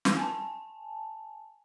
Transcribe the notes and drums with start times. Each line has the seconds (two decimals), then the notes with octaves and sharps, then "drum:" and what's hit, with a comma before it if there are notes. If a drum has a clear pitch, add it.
0.05 drum: snare
0.17 G#5 A5